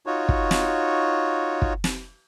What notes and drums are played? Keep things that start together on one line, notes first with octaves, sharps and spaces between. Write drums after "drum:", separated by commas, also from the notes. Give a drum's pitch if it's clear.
D#4 F4 F#4 C#5
drum: kick
drum: snare
drum: kick
drum: snare